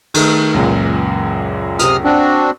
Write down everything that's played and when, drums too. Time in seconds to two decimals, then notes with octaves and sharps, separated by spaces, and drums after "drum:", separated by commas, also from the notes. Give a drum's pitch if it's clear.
0.14 D#3 A3, drum: cymbal
0.54 C#2 F#2 A#2
1.79 C3 D#6 F6, drum: hi-hat
2.04 C4 D4 F#4